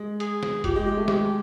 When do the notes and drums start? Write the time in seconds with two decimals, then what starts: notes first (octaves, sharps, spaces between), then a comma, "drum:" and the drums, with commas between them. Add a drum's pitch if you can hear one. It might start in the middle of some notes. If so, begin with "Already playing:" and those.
Already playing: G#3
0.20 G#4, drum: hi-hat
0.43 drum: snare
0.64 F3 G4, drum: kick F#1, hi-hat
0.75 G#3
0.86 G#3
0.97 A3
1.08 G#3 G4, drum: snare